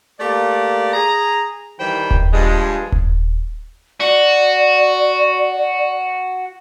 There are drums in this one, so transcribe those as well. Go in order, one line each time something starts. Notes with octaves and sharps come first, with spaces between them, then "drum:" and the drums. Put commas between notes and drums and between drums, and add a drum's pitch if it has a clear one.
A3 A#3 G4 D5
G#4 A#5
D#3 E3 G3 C5 G5 B5
drum: kick D#1
G2 F3 G3 G#3
drum: kick D#1
F#4 D5